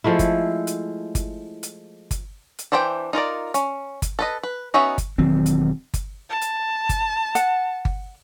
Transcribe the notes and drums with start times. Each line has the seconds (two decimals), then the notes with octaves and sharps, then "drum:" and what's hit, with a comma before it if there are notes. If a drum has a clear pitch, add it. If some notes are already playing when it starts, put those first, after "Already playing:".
0.04 F3 G#3 A3 E4
0.19 drum: kick G1, hi-hat
0.67 drum: hi-hat
1.15 drum: kick G1, hi-hat
1.63 drum: hi-hat
2.11 drum: kick G1, hi-hat
2.59 drum: hi-hat
2.72 E3 D4 C5 E5 G5
3.13 D#4 F4 A#4 D5
3.54 C#4, drum: hi-hat
4.02 drum: kick G1, hi-hat
4.19 A4 B4 D#5
4.43 B4
4.74 B3 C#4 D#4 F#4 E5
4.98 drum: kick G1, hi-hat
5.18 E1 D#3 F#3 C4
5.46 drum: hi-hat
5.94 drum: kick G1, hi-hat
6.30 A5
6.41 drum: hi-hat
6.89 drum: kick G1, hi-hat
7.35 F#5, drum: hi-hat
7.85 drum: kick G1